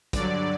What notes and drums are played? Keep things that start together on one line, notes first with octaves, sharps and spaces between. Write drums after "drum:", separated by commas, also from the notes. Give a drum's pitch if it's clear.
G2 D3 F#3 D5, drum: kick, hi-hat